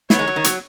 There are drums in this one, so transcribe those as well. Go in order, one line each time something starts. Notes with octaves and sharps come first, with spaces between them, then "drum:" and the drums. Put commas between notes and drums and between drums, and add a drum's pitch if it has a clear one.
F#3 B3 C#5, drum: snare
D#3 G#3
F#3
D#3
F#3, drum: hi-hat